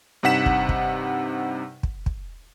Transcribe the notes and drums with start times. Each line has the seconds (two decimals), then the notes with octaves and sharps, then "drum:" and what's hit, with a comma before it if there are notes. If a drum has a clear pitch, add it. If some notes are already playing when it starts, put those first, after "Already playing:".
0.23 G2 C3 D#4 F#5 B6 E7
0.46 drum: kick
0.69 drum: kick
1.83 drum: kick
2.06 drum: kick